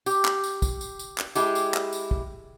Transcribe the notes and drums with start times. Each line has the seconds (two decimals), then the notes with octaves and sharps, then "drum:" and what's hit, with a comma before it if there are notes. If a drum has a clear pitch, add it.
0.06 G4, drum: tambourine
0.25 drum: clap
0.44 drum: tambourine
0.62 drum: kick, tambourine
0.81 drum: tambourine
0.99 drum: tambourine
1.18 drum: clap
1.35 G#3 E4 G4, drum: tambourine
1.55 drum: tambourine
1.74 drum: clap
1.93 drum: tambourine
2.11 drum: kick